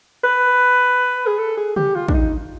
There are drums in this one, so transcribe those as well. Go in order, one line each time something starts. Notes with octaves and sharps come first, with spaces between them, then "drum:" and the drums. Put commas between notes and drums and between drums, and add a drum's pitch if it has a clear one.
B4
G#4
A4
G#4
G4, drum: tom
F4
D4, drum: kick
D#4